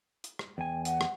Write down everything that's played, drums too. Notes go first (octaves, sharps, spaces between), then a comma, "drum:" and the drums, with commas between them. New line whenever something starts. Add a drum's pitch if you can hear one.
drum: hi-hat
drum: rim click
E2 G5 G#5
F#5, drum: hi-hat
drum: rim click